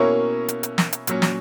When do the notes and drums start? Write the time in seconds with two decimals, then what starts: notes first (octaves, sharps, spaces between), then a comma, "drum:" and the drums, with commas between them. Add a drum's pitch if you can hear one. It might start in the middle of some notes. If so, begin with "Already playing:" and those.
Already playing: B2 A#3 C#4 E4 A#4 C#5
0.48 drum: hi-hat
0.63 drum: hi-hat
0.78 drum: snare
0.93 drum: hi-hat
1.07 A#2 F#3 C#4, drum: hi-hat
1.22 drum: snare